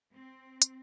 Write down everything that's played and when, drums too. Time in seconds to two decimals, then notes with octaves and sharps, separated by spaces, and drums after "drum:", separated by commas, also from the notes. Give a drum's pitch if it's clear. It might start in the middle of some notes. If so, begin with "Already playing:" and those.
0.14 C4
0.62 drum: hi-hat